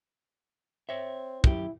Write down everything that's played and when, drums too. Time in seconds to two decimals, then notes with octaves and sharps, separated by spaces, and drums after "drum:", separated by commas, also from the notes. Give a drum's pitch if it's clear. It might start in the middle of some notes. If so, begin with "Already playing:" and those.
0.89 C4 C#5 E5
1.44 F#2 E4 G4, drum: kick